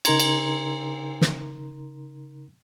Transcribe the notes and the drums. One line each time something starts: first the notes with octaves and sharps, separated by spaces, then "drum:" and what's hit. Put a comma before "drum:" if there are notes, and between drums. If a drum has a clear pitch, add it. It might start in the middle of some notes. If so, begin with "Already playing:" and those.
C#3 D#4 A#4 A#5 C6 G#6, drum: cymbal
drum: cymbal
drum: snare